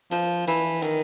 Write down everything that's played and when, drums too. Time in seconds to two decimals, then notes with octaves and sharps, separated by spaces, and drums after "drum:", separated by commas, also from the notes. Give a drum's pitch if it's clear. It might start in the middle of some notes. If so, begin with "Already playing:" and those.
0.11 F3, drum: hi-hat
0.47 E3, drum: hi-hat
0.82 D#3, drum: hi-hat